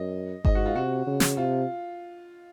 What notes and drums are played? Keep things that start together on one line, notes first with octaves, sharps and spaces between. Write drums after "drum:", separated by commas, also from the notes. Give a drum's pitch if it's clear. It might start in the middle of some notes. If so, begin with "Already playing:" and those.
Already playing: F#2 D#5
G#2 D#5, drum: kick G1
F#4
F4
C3 F#4
C#3
drum: snare
C3 F4